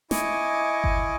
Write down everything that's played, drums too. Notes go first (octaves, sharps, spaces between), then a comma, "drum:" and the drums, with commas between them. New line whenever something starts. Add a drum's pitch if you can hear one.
E4 D#5 G#5 C#6 D6, drum: snare
drum: kick G1